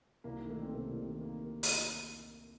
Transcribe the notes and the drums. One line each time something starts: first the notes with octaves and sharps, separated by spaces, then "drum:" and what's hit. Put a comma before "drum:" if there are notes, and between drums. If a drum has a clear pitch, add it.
C2 A#3
D#3
A3
C2
C4
C3 A#3
C2
D#3
A#3
drum: open hi-hat